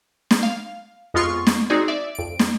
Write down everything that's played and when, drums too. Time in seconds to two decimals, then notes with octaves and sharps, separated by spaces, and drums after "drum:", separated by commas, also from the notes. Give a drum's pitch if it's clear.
0.31 drum: snare
0.43 F5
1.14 F2 G#3 B3 F4 C6 C#6
1.47 drum: snare
1.70 C4 D#4 F#4 G#4 D5
1.88 D5 E5
2.15 F2 D7
2.39 drum: snare